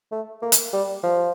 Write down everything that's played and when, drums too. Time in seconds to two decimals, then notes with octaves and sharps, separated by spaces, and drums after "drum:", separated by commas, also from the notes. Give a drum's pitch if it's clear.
0.11 A3
0.42 A#3
0.52 drum: hi-hat
0.73 G3
1.03 F3